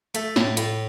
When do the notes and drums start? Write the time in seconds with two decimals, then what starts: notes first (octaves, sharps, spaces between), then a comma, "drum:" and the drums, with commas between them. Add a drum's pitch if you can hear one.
0.15 A3, drum: hi-hat
0.36 A2, drum: snare
0.57 A2, drum: hi-hat